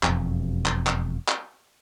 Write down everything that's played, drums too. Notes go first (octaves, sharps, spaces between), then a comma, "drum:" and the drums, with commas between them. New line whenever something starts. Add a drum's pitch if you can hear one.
E1 F2, drum: clap
drum: clap
drum: clap
drum: clap